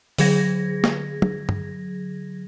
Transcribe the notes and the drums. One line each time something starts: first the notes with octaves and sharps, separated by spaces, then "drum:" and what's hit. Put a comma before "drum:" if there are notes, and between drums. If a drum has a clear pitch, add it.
D3 F#3 G#4 G#6 A#6, drum: open hi-hat
drum: snare
drum: tom
drum: tom